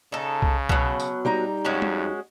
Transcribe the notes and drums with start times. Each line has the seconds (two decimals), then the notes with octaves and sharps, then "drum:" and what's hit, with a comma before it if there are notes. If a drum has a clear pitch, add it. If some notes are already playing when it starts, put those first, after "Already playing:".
0.12 C#3 D#4 A4
0.42 drum: kick C2
0.69 B2 F#3, drum: kick C2
1.00 drum: tambourine
1.25 G3 D#4 A#5
1.65 F2 G#3 C#4 F#4
1.82 drum: tom